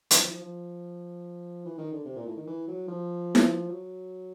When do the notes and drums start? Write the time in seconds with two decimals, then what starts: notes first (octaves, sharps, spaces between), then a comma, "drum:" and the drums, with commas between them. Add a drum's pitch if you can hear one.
0.11 E3, drum: hi-hat
0.21 F3
0.27 E3
0.31 F3
0.41 F3
1.65 E3
1.78 D#3
1.92 D3
2.05 C3
2.16 A#2
2.26 A2
2.37 D#3
2.47 E3
2.68 F#3
2.88 F3
3.35 drum: snare E4
3.69 F#3